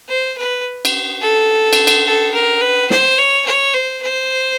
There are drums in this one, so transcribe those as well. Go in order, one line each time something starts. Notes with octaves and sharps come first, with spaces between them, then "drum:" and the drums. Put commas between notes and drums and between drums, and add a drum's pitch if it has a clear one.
C5
B4
drum: cymbal
A4
drum: cymbal
drum: cymbal
A4
A#4
B4
C5, drum: snare
C#5
C#5
C5
C5